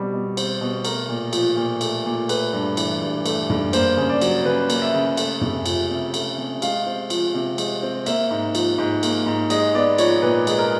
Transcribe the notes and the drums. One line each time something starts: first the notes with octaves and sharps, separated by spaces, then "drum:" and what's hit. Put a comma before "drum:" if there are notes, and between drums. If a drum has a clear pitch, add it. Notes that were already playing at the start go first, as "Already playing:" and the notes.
Already playing: B2 G3 C4
B2
C4, drum: cymbal
B2
A3 A#4, drum: cymbal
A#2
F3, drum: cymbal
A#2
A3, drum: cymbal
A#2
A3 B4, drum: cymbal
G2
E3, drum: cymbal
G2
A3, drum: cymbal
G2, drum: tom
A#3 C5, drum: cymbal
C#3
D5
F#3, drum: cymbal
C#3 B4
A#3, drum: cymbal
E5
C#3
A3, drum: cymbal
C3, drum: tom
F3, drum: cymbal
C3
A3, drum: cymbal
C3
G#3 F5, drum: cymbal
C4
F3, drum: cymbal
C3
G#3, drum: cymbal
C4
A#3 E5, drum: cymbal
G#2
F3, drum: cymbal
G#2
A#3, drum: cymbal
G#2
G#3 D#5, drum: cymbal
B3 D5
F3 C#5, drum: cymbal
A#2 B4
G#3 B4, drum: cymbal
A#4